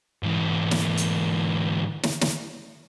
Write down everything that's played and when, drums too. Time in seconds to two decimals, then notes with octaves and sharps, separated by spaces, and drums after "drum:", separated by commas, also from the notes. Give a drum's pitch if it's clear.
0.23 G#2 E3
0.71 drum: snare
0.97 drum: hi-hat
2.03 drum: snare
2.21 drum: snare